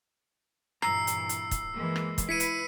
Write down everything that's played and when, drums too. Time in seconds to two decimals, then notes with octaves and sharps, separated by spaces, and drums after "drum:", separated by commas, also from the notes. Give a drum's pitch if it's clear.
0.82 G2 A#2 E3 A#5 E6 C7, drum: rim click
1.07 drum: hi-hat
1.29 drum: hi-hat
1.51 drum: kick, hi-hat
1.73 E3 G#3 A#3
1.96 drum: rim click
2.18 drum: kick, hi-hat
2.29 E4 B4 B6 C#7 D#7
2.40 drum: hi-hat